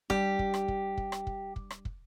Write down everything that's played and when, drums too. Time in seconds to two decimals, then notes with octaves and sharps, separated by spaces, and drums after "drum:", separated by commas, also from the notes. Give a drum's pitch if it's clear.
0.10 G3 D4 G4, drum: kick
0.39 drum: kick
0.54 drum: rim click
0.68 drum: kick
0.97 drum: kick
1.12 drum: rim click
1.27 drum: kick
1.56 drum: kick
1.70 drum: rim click
1.85 drum: kick